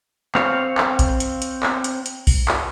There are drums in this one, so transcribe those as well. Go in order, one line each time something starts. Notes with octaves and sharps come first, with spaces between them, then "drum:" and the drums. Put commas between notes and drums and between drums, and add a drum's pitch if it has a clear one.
C4 C#5 F5, drum: clap
drum: clap
drum: kick B1, hi-hat
drum: hi-hat
drum: hi-hat
drum: clap
drum: hi-hat
drum: hi-hat
drum: kick B1, open hi-hat
drum: clap